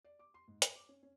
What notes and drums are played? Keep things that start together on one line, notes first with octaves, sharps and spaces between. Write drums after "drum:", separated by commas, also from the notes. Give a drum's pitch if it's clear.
D5
D6
C6
G#2
C#5, drum: hi-hat
D6
C#4
C#4